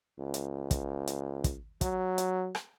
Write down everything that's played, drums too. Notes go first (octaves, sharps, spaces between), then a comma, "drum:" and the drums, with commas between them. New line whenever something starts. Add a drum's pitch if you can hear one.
C#2
drum: hi-hat
drum: kick, hi-hat
drum: hi-hat
drum: kick, hi-hat
F#3, drum: kick, hi-hat
drum: hi-hat
drum: rim click